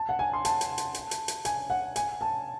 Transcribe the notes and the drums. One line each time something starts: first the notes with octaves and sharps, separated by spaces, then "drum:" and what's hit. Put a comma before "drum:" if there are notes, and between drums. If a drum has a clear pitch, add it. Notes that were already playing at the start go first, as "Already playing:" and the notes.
Already playing: A5
F#5
G#5
C6
A5, drum: hi-hat
drum: hi-hat
drum: hi-hat
drum: hi-hat
drum: hi-hat
drum: hi-hat
G#5, drum: hi-hat
F#5
G#5, drum: hi-hat
A5